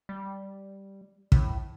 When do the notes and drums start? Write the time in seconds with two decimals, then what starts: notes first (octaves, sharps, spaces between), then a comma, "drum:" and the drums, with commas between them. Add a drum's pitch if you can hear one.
0.09 G3
1.32 A2, drum: kick